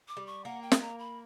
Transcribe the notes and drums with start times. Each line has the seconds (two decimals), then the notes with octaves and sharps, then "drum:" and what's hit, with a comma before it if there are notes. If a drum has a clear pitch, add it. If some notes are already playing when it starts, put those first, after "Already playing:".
0.08 D6
0.17 G3
0.27 C#6
0.45 A#3 F#5
0.62 G5
0.72 drum: snare
0.81 A#5
0.99 B5